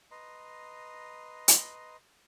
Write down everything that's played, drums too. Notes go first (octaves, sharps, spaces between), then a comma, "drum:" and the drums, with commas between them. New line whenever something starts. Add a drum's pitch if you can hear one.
B4 D#5 A#5 C6
drum: hi-hat